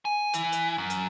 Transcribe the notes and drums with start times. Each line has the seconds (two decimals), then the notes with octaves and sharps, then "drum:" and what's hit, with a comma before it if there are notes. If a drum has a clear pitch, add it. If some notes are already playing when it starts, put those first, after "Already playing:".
0.05 G#5
0.34 E3, drum: hi-hat
0.52 drum: hi-hat
0.78 F#2
0.90 drum: hi-hat